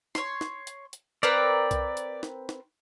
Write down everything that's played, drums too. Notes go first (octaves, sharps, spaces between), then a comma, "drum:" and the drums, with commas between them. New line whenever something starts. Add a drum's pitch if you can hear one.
C#5 C6, drum: snare
drum: snare
drum: hi-hat
drum: hi-hat
C4 A#4 B4 D5
drum: kick C2, hi-hat
drum: hi-hat
drum: snare
drum: snare